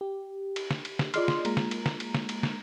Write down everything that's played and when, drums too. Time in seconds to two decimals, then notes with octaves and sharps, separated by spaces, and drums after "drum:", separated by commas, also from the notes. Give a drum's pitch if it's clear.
0.01 G4
0.56 drum: cymbal
0.71 drum: snare
0.85 drum: cymbal
0.99 drum: snare
1.14 F4 G#4 D5 D#5 C6 F6, drum: cymbal
1.28 drum: snare
1.45 G#3 A#3 A#5, drum: cymbal
1.57 drum: snare
1.71 drum: cymbal
1.86 drum: snare
2.00 drum: cymbal
2.14 drum: snare
2.29 drum: cymbal
2.43 drum: snare